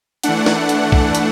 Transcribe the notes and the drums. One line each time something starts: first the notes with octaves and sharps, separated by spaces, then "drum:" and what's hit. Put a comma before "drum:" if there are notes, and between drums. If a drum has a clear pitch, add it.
E3 A3 D4 F#5, drum: hi-hat
drum: snare
drum: hi-hat
F#5, drum: kick
drum: hi-hat